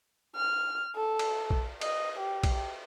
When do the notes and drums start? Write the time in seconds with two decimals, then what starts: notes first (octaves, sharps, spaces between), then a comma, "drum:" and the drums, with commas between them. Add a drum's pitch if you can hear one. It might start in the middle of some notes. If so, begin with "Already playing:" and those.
0.36 F6
0.96 A4
1.19 drum: cymbal
1.50 drum: kick A#1
1.81 D#5, drum: cymbal
2.19 G4
2.43 drum: kick A#1, cymbal